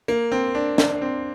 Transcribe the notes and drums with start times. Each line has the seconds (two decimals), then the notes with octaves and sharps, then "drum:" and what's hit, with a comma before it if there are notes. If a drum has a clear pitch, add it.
0.08 A#3
0.32 C4
0.55 D4
0.78 D4, drum: snare
1.02 C4